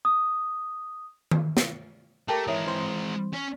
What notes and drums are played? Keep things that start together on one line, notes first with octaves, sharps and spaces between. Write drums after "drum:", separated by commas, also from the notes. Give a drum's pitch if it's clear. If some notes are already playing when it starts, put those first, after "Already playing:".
D#6
drum: tom D#3
drum: snare
A3 G4 A#4 G5 A5 A#5 D6
E3 G#3 A#4 C#5 E5 D#6
E3 C4 C5
C#4